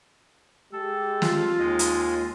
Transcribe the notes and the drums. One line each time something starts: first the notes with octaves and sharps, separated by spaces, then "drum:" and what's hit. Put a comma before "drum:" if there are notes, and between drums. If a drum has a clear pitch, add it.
G#3 G4 A4
F4, drum: snare
D#2 G#3 D#5
drum: hi-hat